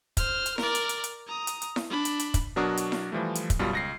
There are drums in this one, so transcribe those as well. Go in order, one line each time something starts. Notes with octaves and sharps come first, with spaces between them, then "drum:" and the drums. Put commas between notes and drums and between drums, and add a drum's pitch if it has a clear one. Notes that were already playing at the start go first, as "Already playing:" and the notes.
C5 F6, drum: kick, hi-hat
drum: hi-hat
A#4 D5, drum: snare E4
drum: hi-hat
drum: hi-hat
drum: hi-hat
A#5 D#6
drum: hi-hat
drum: hi-hat
drum: snare E4
D4 B5
drum: hi-hat
drum: hi-hat
drum: kick, hi-hat
B2 F#3 D4 F#4 A#4 D#6
drum: hi-hat
drum: snare E4
E3 F3 G3 A3
drum: hi-hat
drum: kick, hi-hat
F#2 B2 G3 F4
C#2 A#6 C7